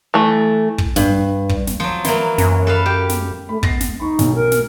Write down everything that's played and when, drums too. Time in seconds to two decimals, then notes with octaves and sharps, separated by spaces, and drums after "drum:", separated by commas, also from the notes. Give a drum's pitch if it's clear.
0.14 E3 A3
0.78 drum: kick
0.96 G2, drum: snare
1.49 drum: kick
1.67 drum: snare
1.80 F3 F#3
2.04 E3 F#3 A#3, drum: snare
2.38 F#2, drum: snare
2.67 A4 B4 F5
2.86 G4
3.09 drum: snare
3.49 A3 B5
3.63 B3 A6 A#6 C7, drum: kick
3.80 drum: snare
4.00 D#4 B5 C#6
4.19 B1, drum: snare
4.35 A#4
4.52 drum: snare